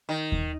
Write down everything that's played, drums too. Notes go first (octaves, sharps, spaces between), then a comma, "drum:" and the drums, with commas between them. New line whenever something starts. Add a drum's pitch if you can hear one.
D#3
drum: kick D#2